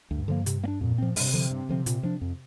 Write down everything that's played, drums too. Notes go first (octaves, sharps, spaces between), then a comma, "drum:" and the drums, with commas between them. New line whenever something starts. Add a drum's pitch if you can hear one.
D2 G2
D3 F3 A#3
C3, drum: hi-hat
A#3
D4
F2 A#2
F3 C4
G2 C3, drum: open hi-hat
D3 F3
G2
D3 F3 C4
A#2, drum: hi-hat
F3 D4
F2